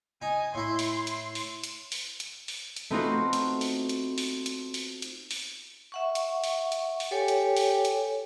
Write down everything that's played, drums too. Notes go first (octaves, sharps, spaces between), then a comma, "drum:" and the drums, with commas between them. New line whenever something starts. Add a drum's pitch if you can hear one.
D#4 G#5
A2 E4 C6
drum: open hi-hat
drum: hi-hat
drum: open hi-hat
drum: hi-hat
drum: open hi-hat
drum: hi-hat
drum: open hi-hat
drum: hi-hat
A3 B3 C4 D#4 F4 F#4
drum: hi-hat
drum: open hi-hat
drum: hi-hat
drum: open hi-hat
drum: hi-hat
drum: open hi-hat
drum: hi-hat
drum: open hi-hat
E5 F#5 C#6
drum: hi-hat
drum: open hi-hat
drum: hi-hat
drum: open hi-hat
G4 A4 C#5 G#5
drum: hi-hat
drum: open hi-hat
drum: hi-hat